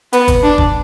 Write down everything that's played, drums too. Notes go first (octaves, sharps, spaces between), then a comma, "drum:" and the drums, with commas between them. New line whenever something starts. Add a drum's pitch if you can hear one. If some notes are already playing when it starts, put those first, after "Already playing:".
B3, drum: hi-hat
drum: kick, hi-hat
D4
drum: kick